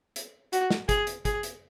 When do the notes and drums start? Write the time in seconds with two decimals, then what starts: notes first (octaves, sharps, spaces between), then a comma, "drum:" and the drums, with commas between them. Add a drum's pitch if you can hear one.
0.16 drum: hi-hat
0.53 F#4, drum: hi-hat
0.71 drum: snare
0.89 G#4, drum: kick, hi-hat
1.07 drum: hi-hat
1.25 G#4, drum: kick, hi-hat
1.43 drum: hi-hat